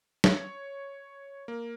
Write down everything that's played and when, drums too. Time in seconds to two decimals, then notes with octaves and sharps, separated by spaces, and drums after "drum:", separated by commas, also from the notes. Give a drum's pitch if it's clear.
0.24 C#5, drum: snare
1.48 A#3